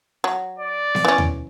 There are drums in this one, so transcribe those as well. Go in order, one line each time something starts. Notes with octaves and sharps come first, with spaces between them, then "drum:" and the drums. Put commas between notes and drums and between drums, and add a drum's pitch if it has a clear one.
F#3
D5
drum: snare B3
E3 C#4
drum: tom D#2